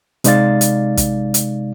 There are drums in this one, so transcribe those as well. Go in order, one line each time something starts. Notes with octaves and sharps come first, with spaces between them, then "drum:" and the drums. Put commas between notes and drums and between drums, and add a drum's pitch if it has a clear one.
C3 G#3 D#4 D5 F5 A6, drum: hi-hat
drum: hi-hat
drum: kick, hi-hat
drum: hi-hat